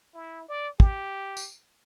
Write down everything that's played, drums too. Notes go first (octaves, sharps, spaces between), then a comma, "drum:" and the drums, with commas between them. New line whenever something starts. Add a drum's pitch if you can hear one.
E4
D5
G4, drum: kick
drum: tambourine